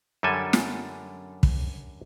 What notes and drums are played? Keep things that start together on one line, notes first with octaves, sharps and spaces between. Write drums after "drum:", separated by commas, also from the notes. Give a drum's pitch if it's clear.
F#2 D3 G3 A4 G#5
drum: snare
drum: kick